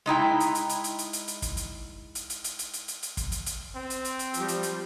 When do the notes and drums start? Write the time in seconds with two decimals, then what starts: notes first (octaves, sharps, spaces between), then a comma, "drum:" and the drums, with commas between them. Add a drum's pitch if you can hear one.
0.06 G#3 D#4 E4 G5
0.40 drum: hi-hat
0.55 drum: hi-hat
0.69 drum: hi-hat
0.84 drum: hi-hat
0.99 drum: hi-hat
1.13 drum: hi-hat
1.28 drum: hi-hat
1.42 drum: kick, hi-hat
1.57 drum: hi-hat
2.15 drum: hi-hat
2.30 drum: hi-hat
2.44 drum: hi-hat
2.59 drum: hi-hat
2.73 drum: hi-hat
2.88 drum: hi-hat
3.03 drum: hi-hat
3.17 drum: kick, hi-hat
3.32 drum: hi-hat
3.46 drum: hi-hat
3.75 C4
3.90 drum: hi-hat
4.05 drum: hi-hat
4.19 drum: hi-hat
4.34 F3 G3, drum: hi-hat
4.48 drum: hi-hat
4.63 drum: hi-hat